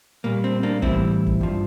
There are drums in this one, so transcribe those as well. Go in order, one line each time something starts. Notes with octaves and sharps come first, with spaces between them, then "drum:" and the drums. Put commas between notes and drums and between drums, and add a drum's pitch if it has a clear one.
A#2 G3 A#3
C4
A#3 D4
A2 E3 G3 C4 E4, drum: kick
drum: kick
G2 F3